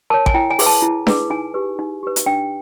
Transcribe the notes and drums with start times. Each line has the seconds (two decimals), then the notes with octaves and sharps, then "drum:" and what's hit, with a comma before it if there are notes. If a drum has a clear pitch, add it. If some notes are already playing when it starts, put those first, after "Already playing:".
0.10 A#4 C#5 A5
0.26 G#5, drum: kick A1
0.34 E4 G5
0.50 G#5
0.59 G#4 B4, drum: open hi-hat
0.66 A5
0.82 E4
1.07 G#4 B4, drum: snare D4
1.30 D#4 G#5
1.54 G4 B4
1.79 D#4
2.03 G4 B4
2.16 drum: hi-hat
2.26 D4 G5